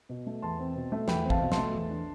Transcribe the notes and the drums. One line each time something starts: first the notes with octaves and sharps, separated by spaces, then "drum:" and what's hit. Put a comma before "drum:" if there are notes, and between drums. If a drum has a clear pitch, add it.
B2
A3
E2 A5 C6
C4
B2
A3
E2 G5 B5, drum: snare
C4
F5 A5, drum: kick
B2
A5 C6, drum: snare
A3
E2
D4